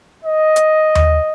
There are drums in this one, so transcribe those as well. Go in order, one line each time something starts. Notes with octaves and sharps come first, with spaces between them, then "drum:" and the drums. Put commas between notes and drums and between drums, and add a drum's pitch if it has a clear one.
D#5
drum: hi-hat
drum: tom D#2